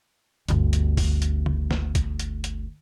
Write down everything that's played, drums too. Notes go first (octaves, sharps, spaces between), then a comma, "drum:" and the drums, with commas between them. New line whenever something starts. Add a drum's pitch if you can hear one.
G1 D2, drum: hi-hat
drum: hi-hat
drum: kick C#2, open hi-hat
drum: hi-hat
drum: tom
drum: snare
drum: kick C#2, hi-hat
drum: hi-hat
drum: hi-hat